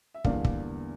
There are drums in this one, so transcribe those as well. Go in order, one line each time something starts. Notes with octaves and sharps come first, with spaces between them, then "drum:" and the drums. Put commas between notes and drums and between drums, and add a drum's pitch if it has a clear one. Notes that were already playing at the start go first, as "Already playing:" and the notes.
E5
E2 D3 G3 A#3 D5 F5, drum: kick
drum: kick